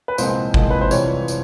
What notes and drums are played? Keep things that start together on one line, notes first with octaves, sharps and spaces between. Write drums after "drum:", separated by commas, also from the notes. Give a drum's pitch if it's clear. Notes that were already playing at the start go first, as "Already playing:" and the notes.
B4
C2 A#2 F3 G#3 C4 C5, drum: tambourine
C2 A#2 F3 G#3 C4, drum: kick G1
B4
C5
F2 C3 E3 G3 C#5, drum: tambourine
drum: tambourine